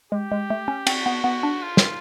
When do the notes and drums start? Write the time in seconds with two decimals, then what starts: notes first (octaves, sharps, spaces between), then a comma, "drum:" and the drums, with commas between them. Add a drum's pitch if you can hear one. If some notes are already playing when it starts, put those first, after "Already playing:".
0.12 G#3 G4
0.32 G#3
0.50 A3
0.68 C#4
0.87 C4 F#4, drum: cymbal
1.06 B3
1.24 B3
1.43 D4
1.62 F4
1.77 drum: snare